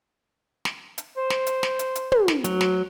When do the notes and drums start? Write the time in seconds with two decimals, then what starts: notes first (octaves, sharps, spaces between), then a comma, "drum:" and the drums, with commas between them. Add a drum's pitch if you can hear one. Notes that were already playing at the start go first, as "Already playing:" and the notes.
0.65 drum: snare
0.98 drum: hi-hat
1.17 C5
1.30 drum: snare
1.47 drum: hi-hat
1.63 drum: snare
1.79 drum: hi-hat
1.95 drum: hi-hat
2.12 drum: tom
2.28 drum: snare
2.44 D2 F#3, drum: hi-hat
2.61 drum: snare